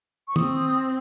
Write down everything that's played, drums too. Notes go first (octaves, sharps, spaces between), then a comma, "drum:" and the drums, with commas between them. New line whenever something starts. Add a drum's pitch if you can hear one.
C#6
C4 D#6, drum: tom